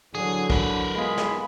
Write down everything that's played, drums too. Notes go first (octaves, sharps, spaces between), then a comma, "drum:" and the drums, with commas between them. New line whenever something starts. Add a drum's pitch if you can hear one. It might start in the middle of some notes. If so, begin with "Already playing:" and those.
D3 E3 F#3 G#4
A#4 B4, drum: kick
G#3 B3 F4 G#4 B5
drum: snare